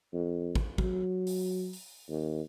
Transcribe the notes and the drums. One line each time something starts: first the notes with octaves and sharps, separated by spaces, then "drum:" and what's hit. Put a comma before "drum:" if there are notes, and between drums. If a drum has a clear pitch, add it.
F2
drum: kick
F#3, drum: kick
drum: open hi-hat
drum: open hi-hat
D#2